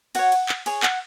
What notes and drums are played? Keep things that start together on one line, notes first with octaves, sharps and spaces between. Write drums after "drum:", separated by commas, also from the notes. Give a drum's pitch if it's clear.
F#4 C#5 F#5, drum: cymbal
drum: cymbal
drum: clap
G#4 C#5, drum: cymbal
F#5, drum: clap